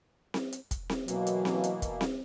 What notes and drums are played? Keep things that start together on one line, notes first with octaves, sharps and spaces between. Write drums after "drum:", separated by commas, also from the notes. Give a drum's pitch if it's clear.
drum: snare C4
drum: hi-hat
drum: kick, hi-hat
drum: snare C4
B2 E3 F#3 A#3, drum: hi-hat
drum: hi-hat
drum: snare C4
drum: hi-hat
drum: kick, hi-hat
drum: snare C4